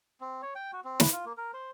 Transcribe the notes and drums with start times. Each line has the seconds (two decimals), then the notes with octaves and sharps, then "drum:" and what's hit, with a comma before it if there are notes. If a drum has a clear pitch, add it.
0.21 C4
0.43 C#5
0.55 G5
0.73 F#4
0.85 C4
1.00 B4, drum: snare
1.12 F4
1.25 A#3
1.37 A#4
1.54 C5